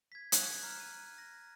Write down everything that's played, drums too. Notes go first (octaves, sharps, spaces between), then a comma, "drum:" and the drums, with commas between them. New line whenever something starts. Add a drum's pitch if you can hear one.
G#6 B6
F#6, drum: hi-hat
A#5 F6
D#7
A#6